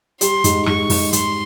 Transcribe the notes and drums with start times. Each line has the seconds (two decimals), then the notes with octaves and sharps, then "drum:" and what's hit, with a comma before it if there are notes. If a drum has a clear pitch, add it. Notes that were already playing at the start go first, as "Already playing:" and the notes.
0.21 G3 C6, drum: hi-hat
0.44 G#2, drum: hi-hat
0.66 G#2 C#6, drum: rim click
0.90 G#2, drum: open hi-hat
1.13 G#2 C6, drum: hi-hat